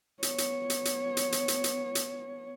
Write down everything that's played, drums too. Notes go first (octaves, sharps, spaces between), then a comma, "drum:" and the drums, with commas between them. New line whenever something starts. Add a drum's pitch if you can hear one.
B3 C#5, drum: hi-hat
drum: hi-hat
drum: hi-hat
drum: hi-hat
drum: hi-hat
drum: hi-hat
drum: hi-hat
drum: hi-hat
drum: hi-hat